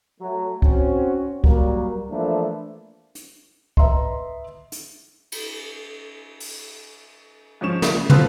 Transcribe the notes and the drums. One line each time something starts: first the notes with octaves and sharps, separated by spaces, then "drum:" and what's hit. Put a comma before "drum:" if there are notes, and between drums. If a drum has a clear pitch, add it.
F#3 A3
C4 C#4 F#4, drum: kick C#2
F#3 G3 A#3, drum: kick C#2
E3 F3 A3 A#3 D4 E4
drum: hi-hat
B4 D#5 E5 A#5 C6, drum: kick C#2
drum: hi-hat
drum: cymbal
drum: open hi-hat
G#2 F3 C#4 C#6 E7
C#3, drum: snare
B3 C4 F4 A4 B4, drum: tom